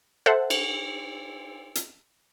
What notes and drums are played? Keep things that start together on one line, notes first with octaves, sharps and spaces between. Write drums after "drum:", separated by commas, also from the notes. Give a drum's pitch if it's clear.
A4 C5 E5 F#5
drum: cymbal
drum: hi-hat